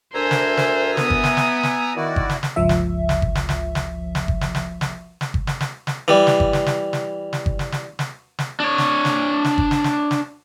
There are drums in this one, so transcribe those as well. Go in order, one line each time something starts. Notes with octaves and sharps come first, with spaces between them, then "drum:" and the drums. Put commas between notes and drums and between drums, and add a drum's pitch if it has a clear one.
D2 D4 A#4 C5 E5 G#5 A#5
drum: snare
drum: snare
B3 D#6, drum: snare
drum: kick G1
drum: snare
drum: snare
drum: snare
D#3 E4 F#4 D5
drum: kick G1
drum: snare
drum: snare
G1 C#2 F3 E5
drum: snare
drum: snare
drum: kick G1
drum: snare
drum: snare
drum: snare
drum: snare
drum: kick G1
drum: snare
drum: snare
drum: snare
drum: snare
drum: kick G1
drum: snare
drum: snare
drum: snare
E3 G3
drum: snare
drum: kick G1
drum: snare
drum: snare
drum: snare
drum: snare
drum: kick G1
drum: snare
drum: snare
drum: snare
drum: snare
D4 C#5
drum: snare
drum: snare
drum: snare
drum: kick G1
drum: snare
drum: snare
drum: snare